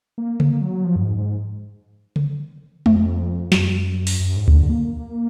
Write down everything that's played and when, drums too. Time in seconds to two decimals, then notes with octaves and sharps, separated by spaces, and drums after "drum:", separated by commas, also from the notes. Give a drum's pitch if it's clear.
0.18 A#3
0.40 A#3, drum: tom C#3
0.61 F#3
0.84 F3
0.96 F#2
1.01 G#2
1.18 G#2
2.16 drum: tom C#3
2.86 F2, drum: tom G#3
3.52 F#2, drum: snare
4.07 drum: open hi-hat
4.20 F#2
4.36 G#2
4.48 B2, drum: kick D2
4.53 D3
4.69 A#3